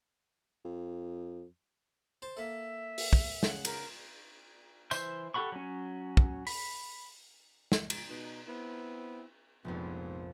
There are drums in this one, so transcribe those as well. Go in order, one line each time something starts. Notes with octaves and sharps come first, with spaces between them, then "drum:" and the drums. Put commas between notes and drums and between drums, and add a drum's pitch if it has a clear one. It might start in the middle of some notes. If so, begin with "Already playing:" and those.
F2
C5 A5
A#3 A4 E5
drum: open hi-hat
drum: kick
C#3 F#5, drum: snare
A#4, drum: cymbal
E3 C5 E5 C6 G6, drum: tambourine
G4 A4 F#5 B5 C#6
F#3 C#4
drum: kick
B5, drum: open hi-hat
drum: snare
drum: cymbal
B2 D#4
B3 C4 E4
F1 A#1 F2 G#2 B3